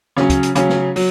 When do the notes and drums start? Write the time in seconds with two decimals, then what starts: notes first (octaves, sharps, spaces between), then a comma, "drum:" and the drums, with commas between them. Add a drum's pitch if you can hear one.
0.17 C#3 F#3 C#4, drum: snare
0.30 drum: kick, hi-hat
0.43 drum: hi-hat
0.55 C#3 F#3 C#4, drum: hi-hat
0.69 drum: snare
0.96 F#3, drum: open hi-hat